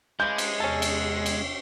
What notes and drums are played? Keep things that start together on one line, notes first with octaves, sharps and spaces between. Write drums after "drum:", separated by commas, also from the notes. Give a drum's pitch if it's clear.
C#3 E3 G#3 A5 B5 D6 G6
drum: cymbal
E2 C3 C#4 A4
drum: cymbal
drum: cymbal